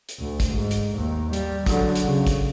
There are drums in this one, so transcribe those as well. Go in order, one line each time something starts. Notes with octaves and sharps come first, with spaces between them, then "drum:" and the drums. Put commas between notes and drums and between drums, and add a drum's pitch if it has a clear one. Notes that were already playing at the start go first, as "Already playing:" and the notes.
drum: hi-hat
D2
drum: kick, hi-hat
G#2
drum: hi-hat
D#2
G3, drum: hi-hat
D3 F#3, drum: kick, hi-hat
drum: hi-hat
C#3
drum: kick, hi-hat